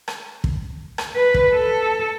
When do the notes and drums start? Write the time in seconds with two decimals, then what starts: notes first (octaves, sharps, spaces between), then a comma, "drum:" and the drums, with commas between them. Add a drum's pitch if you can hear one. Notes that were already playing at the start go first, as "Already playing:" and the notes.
0.08 drum: rim click
0.44 drum: kick
0.98 drum: rim click
1.16 B4
1.34 drum: kick
1.52 A4